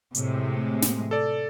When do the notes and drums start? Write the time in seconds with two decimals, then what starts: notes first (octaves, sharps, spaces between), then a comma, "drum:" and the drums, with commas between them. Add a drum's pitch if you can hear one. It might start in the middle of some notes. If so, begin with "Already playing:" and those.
0.15 A2 C3 G#3, drum: hi-hat
0.82 drum: snare
1.11 A4 D5